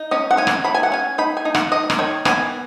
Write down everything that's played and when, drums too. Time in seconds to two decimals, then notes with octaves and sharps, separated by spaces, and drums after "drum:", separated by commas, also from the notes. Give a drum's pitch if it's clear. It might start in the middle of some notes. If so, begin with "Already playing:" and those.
Already playing: D#4
0.11 C#4 D#5
0.31 F#5
0.37 C#4 G#5
0.47 drum: rim click
0.64 F#3 B5
0.74 G#5
0.83 F#5
0.92 C#4 G#5
1.18 D#4 B5
1.37 G#5
1.45 D#4
1.55 F#5, drum: rim click
1.72 D#4 D#5
1.90 drum: rim click
1.99 D#3 C#5
2.25 B3 G#5, drum: rim click